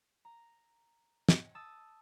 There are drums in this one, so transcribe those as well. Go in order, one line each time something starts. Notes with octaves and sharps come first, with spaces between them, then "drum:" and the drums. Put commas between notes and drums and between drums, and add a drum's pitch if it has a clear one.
A#5
drum: snare
A5 D#6 E6 A6